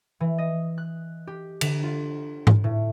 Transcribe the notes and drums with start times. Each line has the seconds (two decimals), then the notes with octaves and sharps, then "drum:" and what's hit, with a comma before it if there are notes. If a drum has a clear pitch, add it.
0.20 E3
0.38 D#5
0.78 F#6
1.27 G4
1.61 D3, drum: cymbal
1.83 F4
2.47 drum: tom G#2
2.64 A2